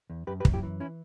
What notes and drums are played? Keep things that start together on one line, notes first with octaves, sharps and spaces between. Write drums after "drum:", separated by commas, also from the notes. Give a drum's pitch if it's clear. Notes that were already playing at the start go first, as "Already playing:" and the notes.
E2
F#2 G4 B4
G4 B4
F#2, drum: kick
E4 G4
E3
C#4 E4